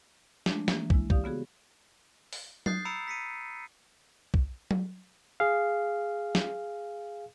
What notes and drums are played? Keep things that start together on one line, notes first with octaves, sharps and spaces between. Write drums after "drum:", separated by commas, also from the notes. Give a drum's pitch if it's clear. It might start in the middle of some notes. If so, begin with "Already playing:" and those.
F3 G#3 A3 D4, drum: snare
E3 A#3, drum: snare
G#3 E4, drum: kick
G4 D5 F5 D#6, drum: kick
C#3 B3 F#4 G#4
drum: open hi-hat
D#6 F#6 G6 A6 C7, drum: tom F#3
A#5 B5 E6 C#7 D7
B6 C#7 D#7
drum: kick
drum: tom F#3
G#4 F5
drum: snare